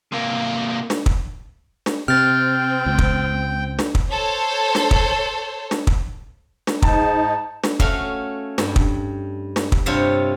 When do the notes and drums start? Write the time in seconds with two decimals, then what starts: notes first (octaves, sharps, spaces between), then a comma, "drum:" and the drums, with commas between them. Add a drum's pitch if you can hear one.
0.13 C3 A#3
0.90 drum: snare
1.06 drum: kick
1.86 drum: snare
2.08 C3 C4 G5 F6 A6
2.86 C#2
2.98 drum: kick
3.79 drum: snare
3.95 drum: kick
4.09 A4 C5 C#5
4.75 drum: snare
4.91 drum: kick
5.71 drum: snare
5.87 drum: kick
6.67 drum: snare
6.82 G#2 D#4 A5, drum: kick
7.64 drum: snare
7.80 A3 C#4 F#4 F5, drum: kick
8.58 G2, drum: snare
8.76 drum: kick
9.56 drum: snare
9.72 drum: kick
9.86 G2 C3 F4 C#5 E5